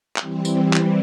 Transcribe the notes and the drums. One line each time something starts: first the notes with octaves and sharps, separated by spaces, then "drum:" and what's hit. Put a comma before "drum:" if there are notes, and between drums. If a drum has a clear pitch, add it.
E3 G3 C4, drum: clap
drum: tambourine
drum: clap